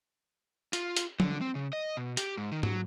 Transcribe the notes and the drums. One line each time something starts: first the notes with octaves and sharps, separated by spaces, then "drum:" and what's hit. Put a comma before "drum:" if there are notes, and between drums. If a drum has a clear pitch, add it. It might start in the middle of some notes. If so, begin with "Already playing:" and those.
F4, drum: hi-hat
drum: hi-hat
D3, drum: tom F3
C4
C#3
D#5
B2
G4, drum: hi-hat
G#2
D#3
F#3, drum: tom G#2